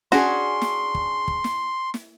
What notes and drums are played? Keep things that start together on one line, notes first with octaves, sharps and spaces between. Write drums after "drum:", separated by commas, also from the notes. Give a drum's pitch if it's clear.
C#4 D4 F#4 G#4 C6, drum: snare
drum: snare
drum: kick
drum: kick
drum: snare
drum: snare